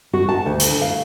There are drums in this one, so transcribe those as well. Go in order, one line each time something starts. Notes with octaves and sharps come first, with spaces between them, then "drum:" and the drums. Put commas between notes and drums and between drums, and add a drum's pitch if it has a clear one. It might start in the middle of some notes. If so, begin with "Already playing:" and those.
F#4
A5
D2
drum: hi-hat
F5